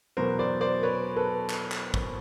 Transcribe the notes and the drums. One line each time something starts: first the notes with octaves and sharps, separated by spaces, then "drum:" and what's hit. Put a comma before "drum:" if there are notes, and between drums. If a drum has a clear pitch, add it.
E2 B2 F#3 B3 A#4 C5
C5 D5
C5 D5
B4 C#5
A4 B4
drum: clap
drum: clap
drum: kick